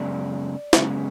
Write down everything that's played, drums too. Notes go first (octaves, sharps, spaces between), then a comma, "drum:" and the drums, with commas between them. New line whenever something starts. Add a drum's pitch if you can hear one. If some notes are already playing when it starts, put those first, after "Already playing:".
Already playing: F#2 C#3 G#3 B3 D5
F#2 C#3 G#3 B3, drum: snare